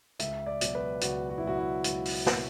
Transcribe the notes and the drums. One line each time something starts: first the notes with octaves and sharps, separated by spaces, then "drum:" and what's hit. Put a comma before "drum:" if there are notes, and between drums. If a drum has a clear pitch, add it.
C#2 E5, drum: hi-hat
D5
B2 F#3, drum: hi-hat
B4
C#2 F#4, drum: hi-hat
F#4
E4
B2 F#3 F#4
E4
C#2, drum: hi-hat
drum: open hi-hat
B2 F#3, drum: snare